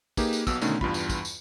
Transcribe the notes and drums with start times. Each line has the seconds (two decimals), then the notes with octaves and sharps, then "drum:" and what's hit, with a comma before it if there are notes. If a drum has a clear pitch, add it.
0.17 A#3 D#4 G4 G#4 B4, drum: kick, tambourine
0.33 drum: tambourine
0.47 B1 B2 E6, drum: kick, tambourine
0.61 B2 D3 D#3 A3 C#4 D#4, drum: tambourine
0.81 E2 G2 F4 B5, drum: kick
0.94 drum: tambourine
1.10 drum: kick, tambourine
1.25 drum: tambourine